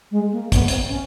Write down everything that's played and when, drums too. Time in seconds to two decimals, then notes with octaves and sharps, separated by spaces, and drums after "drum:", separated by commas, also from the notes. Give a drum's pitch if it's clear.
0.11 G#3
0.32 A#3
0.52 B3, drum: kick, hi-hat
0.68 C4, drum: hi-hat
0.88 C#4